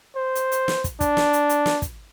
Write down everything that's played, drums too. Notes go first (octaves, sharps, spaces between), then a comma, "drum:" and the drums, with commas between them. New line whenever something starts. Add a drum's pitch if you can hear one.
C5
drum: hi-hat
drum: hi-hat
drum: snare
drum: kick, hi-hat
D4, drum: kick, hi-hat
drum: snare
drum: hi-hat
drum: hi-hat
drum: snare
drum: kick, hi-hat